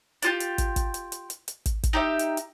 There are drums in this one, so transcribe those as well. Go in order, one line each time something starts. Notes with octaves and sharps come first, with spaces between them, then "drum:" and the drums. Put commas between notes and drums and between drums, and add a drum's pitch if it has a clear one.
D4 F4 G4, drum: hi-hat
drum: hi-hat
drum: kick, hi-hat
drum: kick, hi-hat
drum: hi-hat
drum: hi-hat
drum: hi-hat
drum: hi-hat
drum: kick, hi-hat
drum: kick, hi-hat
D#4 G4 E5
drum: hi-hat
drum: hi-hat